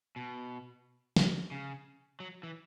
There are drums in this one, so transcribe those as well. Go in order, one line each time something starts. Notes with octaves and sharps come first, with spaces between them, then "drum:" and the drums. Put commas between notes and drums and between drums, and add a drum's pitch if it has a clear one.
B2
drum: snare
C#3
F#3
E3